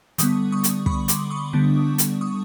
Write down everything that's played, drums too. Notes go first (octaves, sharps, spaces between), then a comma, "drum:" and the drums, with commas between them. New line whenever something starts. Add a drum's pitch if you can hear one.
D3 G3 B3 C#6 D#6, drum: hi-hat
C#6 D#6
drum: hi-hat
B5 C#6, drum: kick
C6 D6, drum: hi-hat
C#6 D#6
D3 G3 B3 D4
drum: hi-hat
C#6 D#6